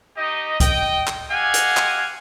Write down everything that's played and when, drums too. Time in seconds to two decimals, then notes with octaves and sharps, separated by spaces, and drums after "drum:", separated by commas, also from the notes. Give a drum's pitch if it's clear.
0.17 D#4 G4 D#5
0.60 D#5 G5, drum: kick, hi-hat
1.07 drum: clap
1.30 G4 D#5 F5 F#5 G#5
1.54 drum: hi-hat
1.77 drum: clap